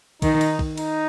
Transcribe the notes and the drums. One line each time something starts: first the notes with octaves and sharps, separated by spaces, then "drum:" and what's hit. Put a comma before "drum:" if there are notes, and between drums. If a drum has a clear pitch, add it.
D#3 D#4, drum: kick, cymbal
drum: cymbal
drum: kick
D#4, drum: cymbal